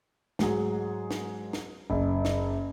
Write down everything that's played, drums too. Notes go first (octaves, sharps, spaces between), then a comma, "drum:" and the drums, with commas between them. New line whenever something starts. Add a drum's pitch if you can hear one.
G#2 F#3 G#4, drum: snare
drum: snare
drum: snare
F#1
drum: snare